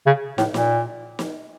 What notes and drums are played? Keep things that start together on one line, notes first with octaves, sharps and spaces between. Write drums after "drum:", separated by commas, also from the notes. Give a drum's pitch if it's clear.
C#3
A2, drum: snare
A#2, drum: snare
drum: snare